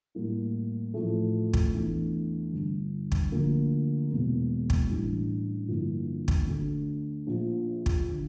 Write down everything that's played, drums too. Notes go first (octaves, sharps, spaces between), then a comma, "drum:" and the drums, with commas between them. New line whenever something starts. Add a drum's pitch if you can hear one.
A2 G3 A#3 E4
A1 A2 F3 A3
drum: kick
E2 E3 A3 D4
G1 G2 D3
drum: kick
D2 D3 F3 A#3
E1 E2 E3 A#3
drum: kick
A1 A2 E3 G3 D4
G2 D3 F3 A#3 E4
drum: kick
D2 D3 A3 D4
A#1 A#2 F3
drum: kick
D3